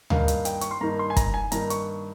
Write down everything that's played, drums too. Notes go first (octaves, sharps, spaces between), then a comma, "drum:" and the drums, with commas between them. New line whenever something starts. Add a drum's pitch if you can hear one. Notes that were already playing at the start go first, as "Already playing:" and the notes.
G2 D#3 A#3 D#4 F5, drum: tom D2
drum: hi-hat
G5, drum: hi-hat
C#6, drum: hi-hat
C6
G2 D#3 A#3 D#4 A#5
C6
G#5
A#5, drum: kick, hi-hat
G#5
G2 D#3 A#3 D#4 A#5, drum: hi-hat
C#6, drum: hi-hat